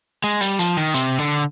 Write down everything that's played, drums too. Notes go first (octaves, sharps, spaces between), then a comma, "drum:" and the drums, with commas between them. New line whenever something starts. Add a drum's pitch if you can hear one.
G#3
G3, drum: hi-hat
F3, drum: hi-hat
D#3
C3, drum: hi-hat
D3